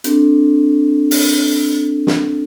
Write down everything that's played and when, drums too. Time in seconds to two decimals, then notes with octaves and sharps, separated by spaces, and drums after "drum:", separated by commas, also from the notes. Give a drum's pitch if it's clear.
0.04 C4 D4 A4, drum: hi-hat
1.11 drum: open hi-hat
2.07 drum: snare